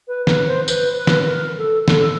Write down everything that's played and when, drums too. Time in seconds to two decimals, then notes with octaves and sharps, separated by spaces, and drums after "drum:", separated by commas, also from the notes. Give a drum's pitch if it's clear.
0.08 B4
0.27 B4, drum: snare
0.47 C5
0.68 B4, drum: tambourine
0.97 B4
1.07 drum: snare
1.27 A#4
1.58 A4
1.88 A4, drum: snare